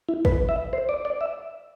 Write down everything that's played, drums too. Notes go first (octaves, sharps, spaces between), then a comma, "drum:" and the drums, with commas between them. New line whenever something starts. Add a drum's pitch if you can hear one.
E4
B4, drum: kick
E5
C5
D5
D5
E5